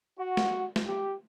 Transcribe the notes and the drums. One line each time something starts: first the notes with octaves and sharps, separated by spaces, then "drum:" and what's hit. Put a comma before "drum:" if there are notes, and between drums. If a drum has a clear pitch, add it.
F#4
drum: snare
drum: snare
G4